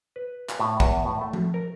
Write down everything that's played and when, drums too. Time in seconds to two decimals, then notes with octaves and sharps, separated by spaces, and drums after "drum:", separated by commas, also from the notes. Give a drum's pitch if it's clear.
0.16 B4
0.49 drum: clap
0.59 A2
0.80 E2, drum: kick
1.05 A2
1.21 A3
1.33 drum: tom F3
1.54 A#4